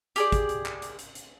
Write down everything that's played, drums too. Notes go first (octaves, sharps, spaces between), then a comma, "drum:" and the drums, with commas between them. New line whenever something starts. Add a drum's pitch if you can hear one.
G4 G#4 D5, drum: hi-hat
drum: kick, hi-hat
drum: hi-hat
drum: clap
drum: hi-hat
drum: hi-hat
drum: hi-hat